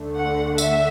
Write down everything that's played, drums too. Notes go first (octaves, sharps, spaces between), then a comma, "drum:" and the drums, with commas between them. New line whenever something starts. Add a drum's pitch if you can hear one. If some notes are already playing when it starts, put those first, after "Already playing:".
Already playing: D2 D3 A3
F#5
E5, drum: tambourine